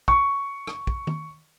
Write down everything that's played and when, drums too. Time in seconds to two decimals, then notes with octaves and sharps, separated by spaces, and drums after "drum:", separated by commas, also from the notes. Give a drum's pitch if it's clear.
0.08 C#6, drum: kick
0.67 drum: rim click
0.87 drum: kick
1.07 drum: tom D#3